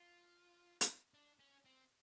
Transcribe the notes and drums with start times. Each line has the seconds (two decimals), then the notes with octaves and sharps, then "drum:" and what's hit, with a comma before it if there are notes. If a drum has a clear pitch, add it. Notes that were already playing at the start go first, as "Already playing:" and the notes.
Already playing: F4
0.81 drum: hi-hat
1.14 D4
1.39 C#4
1.65 C4